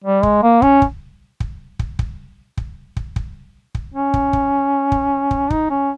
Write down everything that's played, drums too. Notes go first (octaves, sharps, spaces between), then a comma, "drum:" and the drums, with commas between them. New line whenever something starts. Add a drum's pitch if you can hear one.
G3
G#3, drum: kick
A#3
C#4, drum: kick
drum: kick
drum: kick
drum: kick
drum: kick
drum: kick
drum: kick
drum: kick
drum: kick
C#4
drum: kick
drum: kick
drum: kick
drum: kick
D#4, drum: kick
C#4